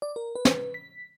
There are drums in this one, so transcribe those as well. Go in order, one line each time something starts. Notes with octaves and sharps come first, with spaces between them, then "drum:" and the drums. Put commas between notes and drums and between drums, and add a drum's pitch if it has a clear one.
D5
A#4
B4
drum: snare
B6